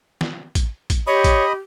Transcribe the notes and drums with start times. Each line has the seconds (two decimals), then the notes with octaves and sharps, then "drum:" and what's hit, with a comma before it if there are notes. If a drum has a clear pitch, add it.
0.21 drum: snare
0.55 drum: kick, hi-hat
0.90 drum: kick, hi-hat
1.07 G4 C#5 D#5 B5 D#6
1.24 drum: kick, hi-hat